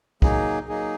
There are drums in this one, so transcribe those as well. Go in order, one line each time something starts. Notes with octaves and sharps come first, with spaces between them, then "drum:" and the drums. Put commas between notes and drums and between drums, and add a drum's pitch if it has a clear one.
F#3 A#3 D#4 G#4, drum: kick
F#3 A#3 D#4 G#4